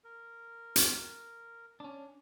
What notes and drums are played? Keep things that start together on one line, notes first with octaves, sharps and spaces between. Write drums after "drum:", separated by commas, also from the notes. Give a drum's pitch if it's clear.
A#4
drum: hi-hat
C#4 D4